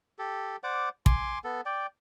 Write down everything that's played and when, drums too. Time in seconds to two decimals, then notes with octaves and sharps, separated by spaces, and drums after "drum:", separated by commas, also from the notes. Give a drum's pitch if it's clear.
0.19 G4 A4
0.63 C5 D5 F#5 D6
1.06 G#5 C6 D6, drum: kick
1.44 B3 A4
1.66 D5 G5